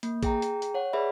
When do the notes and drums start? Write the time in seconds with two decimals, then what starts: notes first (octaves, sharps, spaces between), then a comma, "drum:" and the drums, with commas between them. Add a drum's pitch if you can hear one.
0.03 A#3, drum: hi-hat
0.23 G#4 G5 A#5, drum: kick A1, hi-hat
0.42 drum: hi-hat
0.62 drum: hi-hat
0.74 C#5 F#5
0.93 G#4 B4 D5 E5 B5